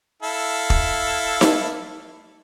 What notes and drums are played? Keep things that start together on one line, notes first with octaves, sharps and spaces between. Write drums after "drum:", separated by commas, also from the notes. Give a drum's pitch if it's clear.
E4 A4 F5
drum: kick
drum: snare D#4